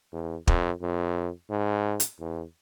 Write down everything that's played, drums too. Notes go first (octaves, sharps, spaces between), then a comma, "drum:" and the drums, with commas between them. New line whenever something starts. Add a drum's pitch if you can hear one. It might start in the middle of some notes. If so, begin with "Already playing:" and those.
E2
F2, drum: kick
F2
G#2
drum: hi-hat
E2